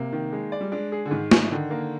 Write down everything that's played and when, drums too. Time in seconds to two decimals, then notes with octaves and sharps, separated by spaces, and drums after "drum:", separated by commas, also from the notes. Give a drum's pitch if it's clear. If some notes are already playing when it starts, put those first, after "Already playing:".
Already playing: C3 A#3
0.13 D#3
0.32 G#3
0.52 D5
0.61 G3
0.72 G#3 D4
0.92 G#4
1.05 D3
1.11 G#2 D#3
1.31 D#4, drum: snare
1.51 D3 D#3
1.70 A#3